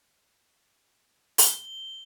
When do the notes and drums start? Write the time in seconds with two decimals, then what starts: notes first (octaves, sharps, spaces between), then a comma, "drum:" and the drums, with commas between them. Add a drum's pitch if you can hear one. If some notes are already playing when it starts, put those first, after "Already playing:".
1.38 G7, drum: open hi-hat